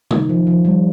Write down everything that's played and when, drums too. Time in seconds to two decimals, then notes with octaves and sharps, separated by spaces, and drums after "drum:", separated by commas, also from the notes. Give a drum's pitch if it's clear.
0.11 D#3, drum: tom
0.29 F3
0.47 F3
0.65 G3